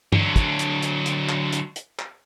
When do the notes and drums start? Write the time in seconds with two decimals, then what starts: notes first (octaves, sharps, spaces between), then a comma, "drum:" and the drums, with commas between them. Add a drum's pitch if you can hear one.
0.12 D3 F#3, drum: tom G2
0.36 drum: kick, hi-hat
0.59 drum: hi-hat
0.83 drum: hi-hat
1.06 drum: hi-hat
1.29 drum: clap
1.53 drum: hi-hat
1.76 drum: hi-hat
1.99 drum: clap